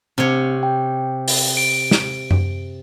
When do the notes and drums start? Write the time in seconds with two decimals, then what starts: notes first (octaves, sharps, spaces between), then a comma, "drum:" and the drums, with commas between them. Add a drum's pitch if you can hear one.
0.18 C3 C4 C#5
0.63 G5
1.28 drum: open hi-hat
1.57 D7
1.91 drum: snare
2.31 drum: tom F#2